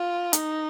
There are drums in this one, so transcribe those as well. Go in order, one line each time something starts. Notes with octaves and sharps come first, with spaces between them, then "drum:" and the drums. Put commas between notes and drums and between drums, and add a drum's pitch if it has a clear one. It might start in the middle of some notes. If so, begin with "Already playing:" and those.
Already playing: F4
D#4, drum: hi-hat